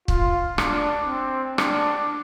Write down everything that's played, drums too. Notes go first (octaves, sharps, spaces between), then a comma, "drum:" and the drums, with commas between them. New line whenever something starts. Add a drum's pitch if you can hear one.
F4, drum: kick
D4, drum: rim click
C4
D4, drum: rim click